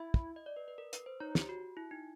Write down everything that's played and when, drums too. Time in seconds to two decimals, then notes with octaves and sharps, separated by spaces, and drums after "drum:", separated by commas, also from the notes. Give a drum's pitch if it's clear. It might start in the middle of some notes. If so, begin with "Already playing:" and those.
Already playing: E4 E5
0.14 drum: kick
0.36 D#5
0.46 D5
0.56 B4
0.68 B4
0.78 A#4
0.93 B4, drum: hi-hat
1.06 C5
1.20 D#4 C#5
1.35 G4, drum: snare
1.49 F#4
1.77 E4
1.91 D#4